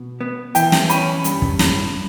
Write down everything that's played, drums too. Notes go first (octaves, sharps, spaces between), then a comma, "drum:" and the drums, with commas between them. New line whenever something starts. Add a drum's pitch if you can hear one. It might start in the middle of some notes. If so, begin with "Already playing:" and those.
Already playing: B2
B3
E3 G5, drum: hi-hat
drum: snare
C#4 B5, drum: hi-hat
G2, drum: hi-hat
drum: kick
drum: snare